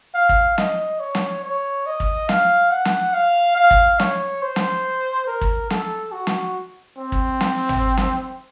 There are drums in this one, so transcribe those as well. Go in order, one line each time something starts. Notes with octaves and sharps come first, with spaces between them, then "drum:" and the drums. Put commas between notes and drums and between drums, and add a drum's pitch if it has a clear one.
F5
drum: kick
D#5, drum: snare
C#5
drum: snare
C#5
D#5
drum: kick
F5, drum: snare
F#5
drum: snare
F5
F5
drum: kick
C#5, drum: snare
C5
drum: snare
A#4
drum: kick
A4, drum: snare
F#4
drum: snare
C4
drum: kick
drum: snare
drum: tom
drum: snare